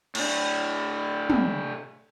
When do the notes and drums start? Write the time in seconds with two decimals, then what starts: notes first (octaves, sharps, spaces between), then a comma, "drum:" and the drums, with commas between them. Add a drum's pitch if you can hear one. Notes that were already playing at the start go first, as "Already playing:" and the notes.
0.15 A2 D4, drum: cymbal
1.30 drum: tom